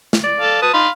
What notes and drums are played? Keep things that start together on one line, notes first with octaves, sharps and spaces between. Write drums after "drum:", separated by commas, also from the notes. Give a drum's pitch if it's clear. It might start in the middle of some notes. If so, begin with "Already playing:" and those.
drum: snare
D5
A4 F5
B4 A5 D#6
D#4 F5 B5 C6